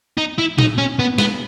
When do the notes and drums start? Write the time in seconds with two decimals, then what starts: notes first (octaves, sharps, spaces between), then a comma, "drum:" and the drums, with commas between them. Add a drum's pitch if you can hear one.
0.18 D#4
0.39 E4
0.59 D#4, drum: tom A#2
0.78 C#4
0.99 B3
1.18 B3, drum: snare